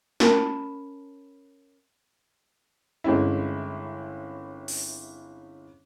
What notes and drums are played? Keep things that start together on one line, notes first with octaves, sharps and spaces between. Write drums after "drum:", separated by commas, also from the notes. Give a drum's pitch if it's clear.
C#4 A#4 A5 B5, drum: snare
G1 G#3 C4 C#4 E4
drum: open hi-hat